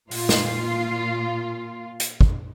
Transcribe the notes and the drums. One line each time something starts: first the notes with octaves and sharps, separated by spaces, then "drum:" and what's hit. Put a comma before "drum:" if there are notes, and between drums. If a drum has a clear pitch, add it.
A#2 F4, drum: open hi-hat
drum: snare
drum: hi-hat
drum: kick